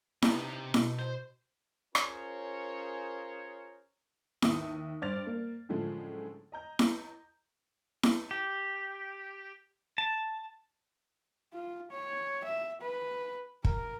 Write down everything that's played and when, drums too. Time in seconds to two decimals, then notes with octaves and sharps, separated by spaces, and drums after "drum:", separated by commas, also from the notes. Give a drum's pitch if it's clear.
0.22 C3 B3 D4 D#4, drum: snare E4
0.74 B2, drum: snare E4
0.99 C5
1.95 C#4 F4 G#4 A#4 C5 C#5, drum: rim click
4.42 D#2 E5 D#6, drum: snare E4
5.02 G2 C5 D5 F6 A6 F7
5.27 A#3
5.69 F#2 A2 D3 F3 G#3 A3
6.52 D#5 A#5 G6
6.79 drum: snare E4
8.03 drum: snare E4
8.31 G4
9.98 A5
11.53 F4
11.91 C#5
12.45 E5
12.81 B4
13.64 A#4, drum: kick